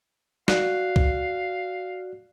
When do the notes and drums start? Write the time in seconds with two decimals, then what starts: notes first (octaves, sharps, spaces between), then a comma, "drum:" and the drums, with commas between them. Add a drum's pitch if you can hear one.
0.48 F#4 D5 F5 F#6, drum: snare
0.96 drum: kick C2